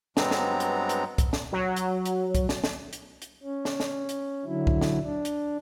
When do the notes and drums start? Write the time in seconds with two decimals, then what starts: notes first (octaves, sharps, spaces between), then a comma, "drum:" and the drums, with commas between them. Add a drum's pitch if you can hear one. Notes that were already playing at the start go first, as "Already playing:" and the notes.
0.17 G2 F#3 G#3 B3 C4 A#5, drum: snare
0.31 drum: snare
0.60 drum: hi-hat
0.89 drum: hi-hat
1.18 drum: kick C2, hi-hat
1.33 drum: snare
1.52 F#3
1.76 drum: hi-hat
2.06 drum: hi-hat
2.35 drum: kick C2, hi-hat
2.49 drum: snare
2.64 drum: snare
2.93 drum: hi-hat
3.22 drum: hi-hat
3.43 C#4
3.65 drum: snare
3.80 drum: snare
4.09 drum: hi-hat
4.45 D3 F#3 E4
4.67 drum: kick C2
4.81 drum: snare
5.02 D4
5.25 drum: hi-hat